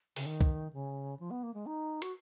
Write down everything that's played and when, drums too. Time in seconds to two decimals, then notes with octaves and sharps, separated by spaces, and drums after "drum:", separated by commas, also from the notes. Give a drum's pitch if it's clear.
0.16 C#3, drum: open hi-hat
0.26 D#3
0.41 drum: kick
0.73 C#3
1.19 F3
1.31 B3
1.43 A#3
1.54 G#3
1.66 D#4
2.02 F#4, drum: hi-hat